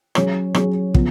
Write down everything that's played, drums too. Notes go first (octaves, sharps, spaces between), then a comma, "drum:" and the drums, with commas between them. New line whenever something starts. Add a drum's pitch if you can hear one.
F#3 C#4 G#4 C#5, drum: rim click
F#3 C#4 G#4 C#5, drum: rim click
C#3 F3 B3, drum: kick